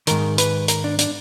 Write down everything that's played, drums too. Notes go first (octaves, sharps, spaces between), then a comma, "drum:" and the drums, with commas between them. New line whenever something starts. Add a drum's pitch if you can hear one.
G#2 D#3 A#4, drum: hi-hat
B4, drum: hi-hat
A#4, drum: hi-hat
D4
D4, drum: hi-hat